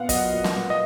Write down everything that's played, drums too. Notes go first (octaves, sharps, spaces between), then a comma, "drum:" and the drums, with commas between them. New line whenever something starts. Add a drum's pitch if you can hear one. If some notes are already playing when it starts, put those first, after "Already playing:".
Already playing: A#2 B3 F4 F5 F#5
F#3 D#5, drum: kick, hi-hat
A#2
drum: snare
A#2
D#5